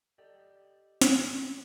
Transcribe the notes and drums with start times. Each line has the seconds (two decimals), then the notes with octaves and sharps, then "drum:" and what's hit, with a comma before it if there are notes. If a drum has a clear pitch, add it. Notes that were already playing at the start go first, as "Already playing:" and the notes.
0.18 G4 A4 D5 D#5 G5
1.01 drum: snare